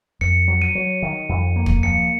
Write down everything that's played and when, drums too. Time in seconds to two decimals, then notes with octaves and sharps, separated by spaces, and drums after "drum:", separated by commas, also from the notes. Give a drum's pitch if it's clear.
0.21 F2 C#7
0.48 F#3
0.62 D#7
0.75 F#3
1.02 D#3
1.29 F2
1.56 A#3
1.66 drum: kick
1.83 F3 C#7